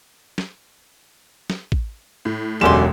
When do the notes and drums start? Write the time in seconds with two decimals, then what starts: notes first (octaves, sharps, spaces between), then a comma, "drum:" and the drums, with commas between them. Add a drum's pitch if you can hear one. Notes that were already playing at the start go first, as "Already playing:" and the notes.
0.38 drum: snare
1.50 drum: snare
1.72 drum: kick
2.25 A2
2.61 E1 F#2 D3 G3 G#3 C6 D6 E7